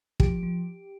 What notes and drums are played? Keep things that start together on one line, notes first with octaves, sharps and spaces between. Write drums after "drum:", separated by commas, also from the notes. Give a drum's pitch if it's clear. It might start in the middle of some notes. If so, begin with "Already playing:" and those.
F3 G4, drum: kick
F3